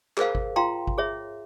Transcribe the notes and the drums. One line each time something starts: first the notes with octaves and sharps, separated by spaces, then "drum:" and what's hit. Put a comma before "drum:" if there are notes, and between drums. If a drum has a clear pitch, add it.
G#4 A#4 C5 F5, drum: clap
drum: kick G#1
F4 F5 G5 A#5 C6
drum: kick G#1
G#4 C#5 E5